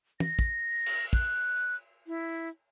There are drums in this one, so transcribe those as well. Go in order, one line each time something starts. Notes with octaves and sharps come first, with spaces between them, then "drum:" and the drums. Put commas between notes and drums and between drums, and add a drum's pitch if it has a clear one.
A#6, drum: tom
drum: kick
drum: cymbal
F#6, drum: kick
E4